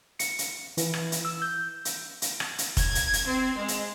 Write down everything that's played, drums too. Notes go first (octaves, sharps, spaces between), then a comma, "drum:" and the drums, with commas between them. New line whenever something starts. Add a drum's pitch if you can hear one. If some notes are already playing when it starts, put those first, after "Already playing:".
C#7, drum: hi-hat
drum: hi-hat
E3, drum: hi-hat
drum: rim click
drum: hi-hat
E6
G6
drum: hi-hat
drum: hi-hat
drum: rim click
drum: hi-hat
G#6, drum: kick, hi-hat
drum: hi-hat
drum: hi-hat
C4
G#3
drum: hi-hat